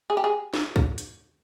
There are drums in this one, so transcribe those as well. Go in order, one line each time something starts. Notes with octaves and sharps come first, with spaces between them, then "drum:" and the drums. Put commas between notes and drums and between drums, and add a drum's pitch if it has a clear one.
G#4
G4
G#4
drum: snare
drum: kick
drum: hi-hat